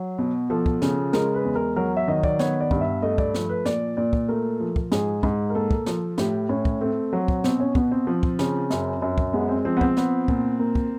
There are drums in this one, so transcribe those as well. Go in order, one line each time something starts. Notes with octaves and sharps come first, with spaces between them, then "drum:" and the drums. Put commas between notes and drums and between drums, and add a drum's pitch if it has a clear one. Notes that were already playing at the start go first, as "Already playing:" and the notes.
Already playing: F#3
B2
F3 A4
drum: kick
C#3, drum: snare
G#3 A#4, drum: snare
B4
E2
A#4
F#3 A#4
E5
D#3 D#5
D5, drum: kick
B3 C#5, drum: snare
D5
G2, drum: kick
E5
A3 D#5
D5, drum: kick
F3, drum: snare
B4
A#2 D5, drum: snare
A#2 D5
drum: kick
A3 A#4
F3
drum: kick
G#2 G#4, drum: snare
G#2, drum: kick
A#4
A#3 A4
drum: kick
F3, drum: snare
A2 G4, drum: snare
A2 C#4
drum: kick
A3 C4
F#3
drum: kick
B2 C4, drum: snare
C#4
B2 B3, drum: kick
C4
F3
drum: kick
C#3, drum: snare
F#2, drum: snare
F#2
drum: kick
G#3 B3
C4
F3 C4
B3
C4, drum: kick
B3, drum: snare
A#2, drum: kick
A#3
drum: kick